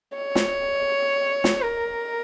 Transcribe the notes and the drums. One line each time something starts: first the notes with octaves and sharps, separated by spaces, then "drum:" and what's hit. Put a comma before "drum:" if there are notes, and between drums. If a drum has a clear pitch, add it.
C#5
drum: snare
drum: snare
A#4